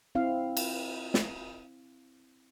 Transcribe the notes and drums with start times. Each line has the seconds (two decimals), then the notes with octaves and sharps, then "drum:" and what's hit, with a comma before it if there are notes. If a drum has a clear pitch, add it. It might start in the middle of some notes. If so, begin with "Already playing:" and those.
0.15 C4 E4 F5
0.57 drum: cymbal
1.14 drum: snare